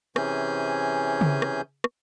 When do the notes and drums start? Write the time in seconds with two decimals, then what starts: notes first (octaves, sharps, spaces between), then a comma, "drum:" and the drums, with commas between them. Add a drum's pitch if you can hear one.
0.16 C3 E3 C#4 G#4 G#5 G6, drum: rim click
1.21 drum: tom C#3
1.42 drum: rim click
1.84 drum: rim click